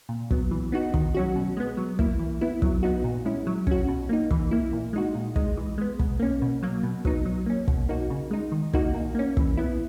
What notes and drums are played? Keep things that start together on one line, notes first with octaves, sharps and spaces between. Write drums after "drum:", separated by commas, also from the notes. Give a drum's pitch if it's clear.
A#2
F#3 B3, drum: kick
E3
B3 D#4 F#4
D#3, drum: kick
F#3 C#4 F#4
B2
G#3 B3
F#3
A#3 E4, drum: kick
E3
B3 E4
F#3, drum: kick
B3 D#4 F#4
A#2
G#3 C#4 E4
F#3
C#4 F#4, drum: kick
B2
A#3 D#4
E3, drum: kick
A#3 E4
A#2
G#3 D#4 F#4
A#2
G#3 D#4, drum: kick
E3
G#3 B3
B2, drum: kick
A#3 C#4
B2
F#3 A#3
B2
F#3 B3 D#4, drum: kick
F#3
A#3 C#4
B2, drum: kick
A#3 D#4 F#4
C#3
G#3 D#4
D#3
A#3 D#4 F#4, drum: kick
A#2
A#3 C#4
E3, drum: kick
B3 E4